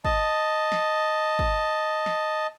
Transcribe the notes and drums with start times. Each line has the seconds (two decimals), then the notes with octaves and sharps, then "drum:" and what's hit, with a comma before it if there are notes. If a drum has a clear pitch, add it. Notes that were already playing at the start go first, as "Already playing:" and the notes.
0.05 D#5 A5, drum: kick
0.72 drum: snare
1.39 drum: kick
2.06 drum: snare